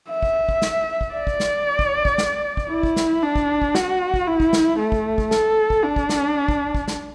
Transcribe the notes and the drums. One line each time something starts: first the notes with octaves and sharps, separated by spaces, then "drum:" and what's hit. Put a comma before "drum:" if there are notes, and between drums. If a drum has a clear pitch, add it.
E5
drum: kick
drum: kick
drum: snare
drum: kick
D5
drum: kick
drum: snare
drum: kick
drum: kick
drum: snare
drum: kick
E4
drum: kick
drum: snare
D4
drum: kick
drum: kick
F#4, drum: snare
drum: kick
E4
drum: kick
drum: snare
A3
drum: kick
drum: kick
A4, drum: snare
drum: kick
D4
drum: kick
drum: snare
drum: kick
drum: kick
drum: snare